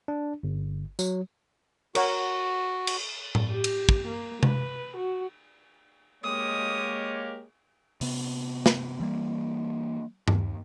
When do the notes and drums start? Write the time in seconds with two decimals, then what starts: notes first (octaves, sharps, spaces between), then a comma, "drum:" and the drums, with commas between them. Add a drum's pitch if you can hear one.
0.08 D4
0.43 G1
0.99 F#3, drum: tambourine
1.95 F#4 A#4 C#5 F#5, drum: cymbal
2.87 drum: cymbal
3.35 drum: tom A2
3.51 G4
3.64 drum: cymbal
3.89 drum: kick
4.07 A#3
4.43 B4, drum: tom C3
4.97 F#4
6.24 G#3 A#3 G4 A#4 C#5 D#6
8.01 C3 B3, drum: open hi-hat
8.66 drum: snare
9.00 E3 G3 A#3
10.28 D#2, drum: tom G2